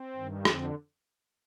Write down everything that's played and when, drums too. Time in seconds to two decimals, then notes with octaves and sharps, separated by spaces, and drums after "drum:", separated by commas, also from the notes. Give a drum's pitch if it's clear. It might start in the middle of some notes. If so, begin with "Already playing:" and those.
Already playing: C4
0.16 G2 D#3
0.45 F2 D3 C4, drum: rim click